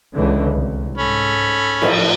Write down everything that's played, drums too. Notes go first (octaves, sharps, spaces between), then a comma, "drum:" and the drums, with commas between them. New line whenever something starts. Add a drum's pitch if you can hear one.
C#2 D3 E3
C2
G#2 C#4 A4 B5
A2 F3, drum: cymbal